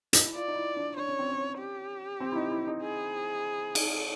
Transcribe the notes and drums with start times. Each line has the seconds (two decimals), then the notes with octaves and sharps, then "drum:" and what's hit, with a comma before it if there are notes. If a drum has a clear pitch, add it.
0.13 D#4, drum: hi-hat
0.24 E4
0.35 F4 D5
0.48 D#4
0.56 E4
0.77 D4
0.97 D4 C#5
1.08 C#4
1.19 C4
1.30 C#4
1.59 G4
2.20 C4
2.32 E4
2.36 D#4
2.51 E4
2.67 D#4
2.82 G#4
3.75 drum: cymbal